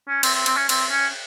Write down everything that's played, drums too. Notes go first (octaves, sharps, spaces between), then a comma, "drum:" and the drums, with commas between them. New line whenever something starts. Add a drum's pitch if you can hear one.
C#4
C4, drum: cymbal
C4
C4, drum: cymbal
C#4
C4, drum: cymbal
C#4